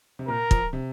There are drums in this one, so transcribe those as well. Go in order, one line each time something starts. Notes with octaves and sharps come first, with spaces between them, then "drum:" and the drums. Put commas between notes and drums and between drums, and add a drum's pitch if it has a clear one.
C3
A#2 A#4
F3, drum: kick
C3